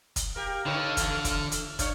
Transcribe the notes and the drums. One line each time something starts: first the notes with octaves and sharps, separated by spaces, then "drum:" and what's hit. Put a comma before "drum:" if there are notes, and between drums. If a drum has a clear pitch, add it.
drum: kick, hi-hat
G4 A#4 F5
D3 D#4 B4 C#5
E3 A3, drum: kick, hi-hat
drum: kick, hi-hat
drum: hi-hat
A3 D4 C#5 F5, drum: kick, hi-hat